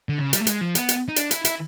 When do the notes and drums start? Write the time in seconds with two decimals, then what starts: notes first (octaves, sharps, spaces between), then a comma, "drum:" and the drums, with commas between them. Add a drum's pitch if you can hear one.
0.09 D3
0.19 C#3
0.33 G3, drum: hi-hat
0.40 A3
0.47 G#3, drum: hi-hat
0.61 F3
0.75 B3, drum: hi-hat
0.89 drum: hi-hat
1.08 D#4
1.16 D4, drum: hi-hat
1.31 E4, drum: hi-hat
1.45 E4, drum: hi-hat